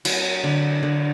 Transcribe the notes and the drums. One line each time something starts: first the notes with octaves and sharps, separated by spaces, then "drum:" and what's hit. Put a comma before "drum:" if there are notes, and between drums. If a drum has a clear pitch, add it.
F#3, drum: cymbal
D3
D3